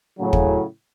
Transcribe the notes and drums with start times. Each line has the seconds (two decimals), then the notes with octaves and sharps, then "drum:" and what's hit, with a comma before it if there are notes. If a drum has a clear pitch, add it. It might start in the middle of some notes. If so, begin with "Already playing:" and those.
0.20 A2 C#3 F#3
0.33 drum: kick